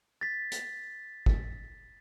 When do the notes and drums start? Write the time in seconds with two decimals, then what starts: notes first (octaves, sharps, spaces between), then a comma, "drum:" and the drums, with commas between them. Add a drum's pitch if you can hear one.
0.21 A6 B6
0.52 drum: hi-hat
1.26 drum: kick